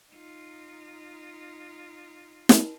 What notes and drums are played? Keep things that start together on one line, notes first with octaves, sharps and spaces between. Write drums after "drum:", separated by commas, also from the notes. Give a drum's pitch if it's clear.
D#4 F4
drum: snare